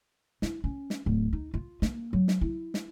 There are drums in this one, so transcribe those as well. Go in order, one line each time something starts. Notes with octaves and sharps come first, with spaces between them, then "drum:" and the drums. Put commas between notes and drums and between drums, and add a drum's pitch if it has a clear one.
E4, drum: snare
C#4
drum: snare
D1
D#4
F4
A#3, drum: snare
F#3
drum: snare
E4
drum: snare